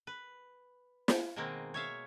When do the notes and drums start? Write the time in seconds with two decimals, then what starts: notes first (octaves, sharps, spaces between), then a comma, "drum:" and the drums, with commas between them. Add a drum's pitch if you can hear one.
0.07 B4
1.08 drum: snare
1.36 B2 D#3 G#3 A#3 C4
1.74 C#5 E5 F5